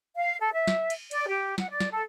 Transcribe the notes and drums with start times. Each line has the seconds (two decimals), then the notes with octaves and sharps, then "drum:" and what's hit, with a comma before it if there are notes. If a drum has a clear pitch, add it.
0.16 F5
0.38 A4
0.53 E5
0.67 drum: snare
0.90 drum: cymbal
1.11 D5, drum: cymbal
1.28 G4
1.58 F#5, drum: snare
1.71 D5
1.81 drum: snare
1.92 A4